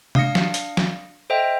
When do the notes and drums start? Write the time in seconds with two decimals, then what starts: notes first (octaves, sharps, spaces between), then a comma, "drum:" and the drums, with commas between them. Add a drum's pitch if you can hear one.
0.15 D4 F5 D#6 E6 A#6 C#7, drum: tom C3
0.35 drum: snare
0.54 drum: hi-hat
0.77 drum: snare
1.30 A4 C5 D#5 E5 G5